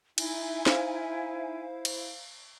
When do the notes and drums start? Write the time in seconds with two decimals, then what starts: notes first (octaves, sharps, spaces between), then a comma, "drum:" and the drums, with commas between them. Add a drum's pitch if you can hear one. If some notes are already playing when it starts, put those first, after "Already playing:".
0.18 D#4 E4 E5 G#5, drum: cymbal
0.66 C5 F5, drum: snare
1.85 drum: cymbal